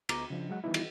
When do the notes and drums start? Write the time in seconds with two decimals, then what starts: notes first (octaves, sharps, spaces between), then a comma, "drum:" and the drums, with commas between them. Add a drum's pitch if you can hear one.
0.09 D2 B3 A#5 D6, drum: cymbal
0.30 C#3 F3 D4
0.49 F#3 G#3 F#5
0.64 D#3 E3 G3 B3 D#4 E4
0.74 drum: cymbal